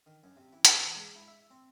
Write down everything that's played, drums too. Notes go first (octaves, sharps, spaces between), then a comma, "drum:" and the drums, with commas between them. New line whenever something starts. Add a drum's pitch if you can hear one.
D#3
F#2
C3
E3
G#4, drum: hi-hat
E3
G#2
E4
E5
C4